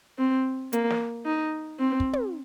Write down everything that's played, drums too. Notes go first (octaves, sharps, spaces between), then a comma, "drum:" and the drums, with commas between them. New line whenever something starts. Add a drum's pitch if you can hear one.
C4
A#3, drum: hi-hat
drum: snare
D#4
C4
drum: kick
drum: tom